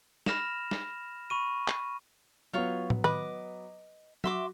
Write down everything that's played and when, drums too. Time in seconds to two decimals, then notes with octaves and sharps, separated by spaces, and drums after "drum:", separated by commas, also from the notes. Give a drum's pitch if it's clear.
0.26 B5 F6 A#6 E7 F7, drum: snare
0.71 drum: snare
1.30 B5 C#6 D#7
1.68 drum: clap
2.53 F#3 B3 F4 C#5 C#6
2.90 drum: tom
3.04 B4 D#5 D6, drum: tom D#3
4.24 F#4 E5 C6 D6, drum: tom F#3